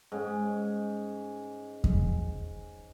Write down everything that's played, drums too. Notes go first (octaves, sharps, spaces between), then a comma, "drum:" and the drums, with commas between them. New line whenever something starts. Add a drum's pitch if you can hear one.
G#2 C#4
drum: kick E2